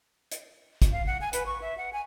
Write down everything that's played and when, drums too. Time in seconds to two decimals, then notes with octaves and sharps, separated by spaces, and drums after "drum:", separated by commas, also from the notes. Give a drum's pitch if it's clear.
0.32 drum: hi-hat
0.82 drum: kick, hi-hat
0.92 F5
1.07 F#5
1.21 G#5
1.33 B4, drum: hi-hat
1.46 C#6
1.62 E5
1.77 F#5
1.93 G#5